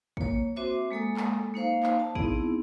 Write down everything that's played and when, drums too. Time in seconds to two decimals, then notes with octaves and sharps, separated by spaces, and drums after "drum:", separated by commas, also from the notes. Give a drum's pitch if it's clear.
0.17 A#3 C#5, drum: kick
0.56 C4 F#4 C5 E5 D6
0.91 G#3 A#3 A4 D#6
1.17 drum: clap
1.54 A#3 D#4 C5 F5
1.83 drum: clap
2.00 A5
2.15 B3 C4 D#4 E4 G#4, drum: kick